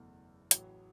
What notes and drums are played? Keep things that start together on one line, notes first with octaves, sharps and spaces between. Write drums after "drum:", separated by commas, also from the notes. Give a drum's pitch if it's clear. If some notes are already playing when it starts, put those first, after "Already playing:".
Already playing: F#1 E2 B2 A3
A1 A2 E3 F#3, drum: hi-hat